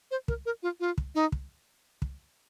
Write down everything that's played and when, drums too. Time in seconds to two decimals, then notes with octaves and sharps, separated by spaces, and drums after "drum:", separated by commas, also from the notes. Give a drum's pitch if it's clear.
0.11 C5
0.28 A#4, drum: kick
0.46 A#4
0.63 F4
0.80 F4
0.98 drum: kick
1.15 D#4
1.32 drum: kick
2.02 drum: kick